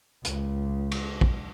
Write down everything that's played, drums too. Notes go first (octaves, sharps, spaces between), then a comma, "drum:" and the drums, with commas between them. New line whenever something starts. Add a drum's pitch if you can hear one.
C#2, drum: hi-hat
drum: cymbal
drum: kick